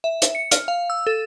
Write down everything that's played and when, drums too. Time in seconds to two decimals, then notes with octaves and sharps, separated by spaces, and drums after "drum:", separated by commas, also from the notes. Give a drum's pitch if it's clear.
0.04 E5
0.22 drum: hi-hat
0.35 C#7
0.51 F6, drum: hi-hat
0.68 F5
0.90 E6
1.07 A4